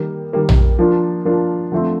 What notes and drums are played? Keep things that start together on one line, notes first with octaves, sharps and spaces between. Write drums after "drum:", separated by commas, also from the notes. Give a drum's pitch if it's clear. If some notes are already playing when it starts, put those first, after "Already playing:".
Already playing: D#3 G3 A#3
D#3 G3 A#3
drum: tom A#1
F3 A#3 D4 F4
F3 A#3 D4 F4
D3 F3 A3 C4